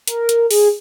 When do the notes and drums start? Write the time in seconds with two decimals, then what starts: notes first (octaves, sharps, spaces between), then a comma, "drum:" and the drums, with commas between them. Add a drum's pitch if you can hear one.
0.07 A#4, drum: hi-hat
0.29 drum: hi-hat
0.51 G#4, drum: open hi-hat